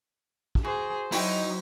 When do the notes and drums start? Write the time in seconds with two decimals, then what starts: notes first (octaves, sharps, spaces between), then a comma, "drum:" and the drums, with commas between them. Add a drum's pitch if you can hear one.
0.55 drum: kick
0.64 F#4 G#4 C5
1.12 F#3 D#4 E4 F#4 G5, drum: open hi-hat